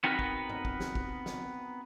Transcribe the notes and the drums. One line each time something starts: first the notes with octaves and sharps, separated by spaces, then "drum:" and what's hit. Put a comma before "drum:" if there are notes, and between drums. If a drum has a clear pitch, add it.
B3 C4 D#4 F#4 A#4 B4
drum: kick
drum: tom G2
drum: kick
drum: snare
drum: kick
drum: snare